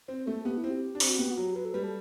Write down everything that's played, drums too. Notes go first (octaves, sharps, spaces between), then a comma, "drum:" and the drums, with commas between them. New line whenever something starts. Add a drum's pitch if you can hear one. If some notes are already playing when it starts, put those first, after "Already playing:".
C4 C5
A3 A4
B3 G4
E4
C4
G4
D4
C4, drum: open hi-hat
F#4
B3 G4
F#4
F#3
G4
F#3 B4
A4
G3 B4
A4